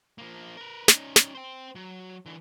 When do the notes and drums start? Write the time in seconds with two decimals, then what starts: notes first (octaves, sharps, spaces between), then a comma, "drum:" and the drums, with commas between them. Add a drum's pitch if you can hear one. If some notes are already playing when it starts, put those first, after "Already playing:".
0.18 F3 A#3
0.57 A#4 B4
0.88 C#4 D#4, drum: snare
1.16 drum: snare
1.35 C5 G5
1.75 F#3
2.26 D3 E3